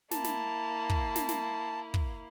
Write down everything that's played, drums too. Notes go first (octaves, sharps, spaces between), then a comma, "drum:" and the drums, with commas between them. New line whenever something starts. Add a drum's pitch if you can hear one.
A#3 E4 A5, drum: snare
drum: snare
drum: kick
drum: snare
drum: snare
drum: kick